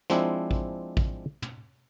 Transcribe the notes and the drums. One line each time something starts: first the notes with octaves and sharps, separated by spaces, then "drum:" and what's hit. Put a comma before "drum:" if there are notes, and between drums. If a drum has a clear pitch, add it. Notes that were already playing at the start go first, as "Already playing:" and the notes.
F3 G#3 C4 D4 E4, drum: snare
drum: kick A1
drum: kick A1
drum: tom